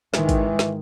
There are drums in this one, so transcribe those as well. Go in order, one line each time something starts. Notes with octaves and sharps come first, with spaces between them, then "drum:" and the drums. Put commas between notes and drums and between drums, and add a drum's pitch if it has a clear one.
G#1 D#3 E3 G#3, drum: snare
drum: kick, hi-hat
drum: snare